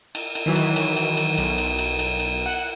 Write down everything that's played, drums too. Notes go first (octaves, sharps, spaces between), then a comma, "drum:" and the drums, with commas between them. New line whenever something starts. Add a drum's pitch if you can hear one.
drum: cymbal
drum: cymbal
D#3 E3 F#3
drum: cymbal
drum: cymbal
drum: cymbal
drum: cymbal
B1, drum: cymbal
drum: cymbal
drum: cymbal
drum: cymbal
drum: cymbal
F#5